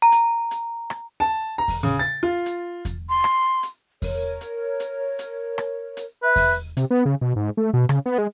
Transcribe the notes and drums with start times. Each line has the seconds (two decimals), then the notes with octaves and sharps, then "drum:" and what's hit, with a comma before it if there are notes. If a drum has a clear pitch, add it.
0.02 A#5
0.12 drum: hi-hat
0.51 drum: hi-hat
0.90 drum: rim click
1.20 A5
1.58 A#5
1.68 drum: kick E2, open hi-hat
1.83 C#3
1.99 A6
2.23 F4
2.46 drum: hi-hat
2.85 drum: kick E2, hi-hat
3.10 C6
3.24 drum: rim click
3.63 drum: hi-hat
4.02 A#4 C#5, drum: kick E2, open hi-hat
4.41 drum: hi-hat
4.80 drum: hi-hat
5.19 drum: hi-hat
5.58 drum: rim click
5.97 drum: hi-hat
6.23 B4 E5
6.36 drum: kick E2, open hi-hat
6.77 C3, drum: hi-hat
6.90 B3
7.06 C#3
7.21 B2
7.36 G#2
7.57 A3
7.73 B2
7.89 C#3, drum: rim click
8.06 B3
8.18 G#3